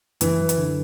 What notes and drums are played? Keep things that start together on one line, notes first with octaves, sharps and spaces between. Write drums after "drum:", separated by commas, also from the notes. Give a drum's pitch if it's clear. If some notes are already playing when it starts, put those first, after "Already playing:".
F#2 E3, drum: hi-hat
F#3
drum: hi-hat
D3